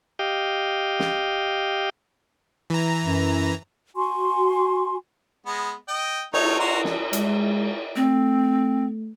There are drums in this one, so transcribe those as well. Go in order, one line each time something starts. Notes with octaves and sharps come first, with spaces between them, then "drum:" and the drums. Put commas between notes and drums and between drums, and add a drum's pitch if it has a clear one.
G4 D#5 F5 G5
drum: snare
E3 A#5
F#2
F#4 G#5 C6 C#6
G#3 B3
D#5 G5
A3 D#4 C#5, drum: cymbal
F#4 A#5 C6
drum: snare
G#3, drum: hi-hat
A3 C4